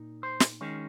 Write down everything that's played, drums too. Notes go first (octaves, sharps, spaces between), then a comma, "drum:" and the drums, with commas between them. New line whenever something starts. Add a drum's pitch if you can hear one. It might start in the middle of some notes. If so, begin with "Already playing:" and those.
Already playing: A#2 D#4
C5
drum: snare
D#3 G#3 C#4